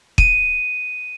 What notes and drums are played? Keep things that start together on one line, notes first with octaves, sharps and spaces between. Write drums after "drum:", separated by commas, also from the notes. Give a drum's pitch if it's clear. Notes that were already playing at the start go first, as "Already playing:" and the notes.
D#7, drum: kick